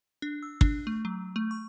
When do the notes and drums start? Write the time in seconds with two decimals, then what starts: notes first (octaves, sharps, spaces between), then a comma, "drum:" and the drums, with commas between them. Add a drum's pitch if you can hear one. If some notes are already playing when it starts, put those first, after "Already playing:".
0.22 D4
0.43 E6
0.61 D4, drum: kick
0.87 A3
1.05 F#3
1.36 A3
1.51 C#6